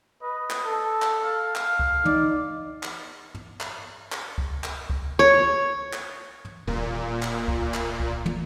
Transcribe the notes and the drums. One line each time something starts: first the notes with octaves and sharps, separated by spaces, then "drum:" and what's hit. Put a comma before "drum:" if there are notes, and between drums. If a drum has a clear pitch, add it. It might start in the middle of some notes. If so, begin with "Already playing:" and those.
B4 D#5
drum: clap
A4
drum: clap
F5
F5, drum: clap
drum: kick C#2
D#4 D5, drum: tom
drum: clap
drum: tom
drum: clap
drum: clap
drum: kick C#2
drum: clap
drum: kick C#2
C#5
drum: clap
drum: tom
D#1 A#2
drum: clap
drum: kick C#2
drum: clap
drum: kick C#2
drum: tom